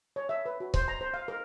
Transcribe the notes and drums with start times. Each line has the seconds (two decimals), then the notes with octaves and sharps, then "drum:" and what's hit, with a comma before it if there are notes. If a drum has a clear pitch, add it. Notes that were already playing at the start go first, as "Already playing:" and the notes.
0.16 C#5
0.29 E5
0.46 B4
0.60 F#4
0.74 C5, drum: kick C#1
0.88 A#5
1.01 C5
1.14 F5
1.28 A#4